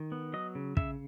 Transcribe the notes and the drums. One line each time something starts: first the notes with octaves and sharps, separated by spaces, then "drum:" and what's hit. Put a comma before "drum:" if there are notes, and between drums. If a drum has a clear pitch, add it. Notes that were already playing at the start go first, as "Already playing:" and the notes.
Already playing: D#3
B3
F#3 D#5
C#3
C#3 E5, drum: kick